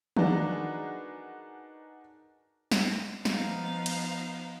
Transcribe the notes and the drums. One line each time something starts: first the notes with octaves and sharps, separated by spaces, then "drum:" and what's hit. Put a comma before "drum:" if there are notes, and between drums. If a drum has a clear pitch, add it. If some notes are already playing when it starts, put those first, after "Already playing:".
D4 D#4 F#4 G#4 A#4 B4, drum: tom D#3
drum: snare
F3 B3 D#4 F5, drum: snare
drum: cymbal